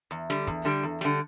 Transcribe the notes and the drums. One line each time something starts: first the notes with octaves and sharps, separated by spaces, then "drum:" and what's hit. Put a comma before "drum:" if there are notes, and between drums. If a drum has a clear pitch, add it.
E2, drum: hi-hat
D3 G3, drum: snare
E2, drum: kick, hi-hat
D3 G3
E2
D3 G3, drum: snare